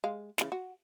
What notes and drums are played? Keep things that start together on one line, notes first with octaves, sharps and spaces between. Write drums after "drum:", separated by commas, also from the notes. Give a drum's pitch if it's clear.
G#3 F5
C#3 E3, drum: snare
F#4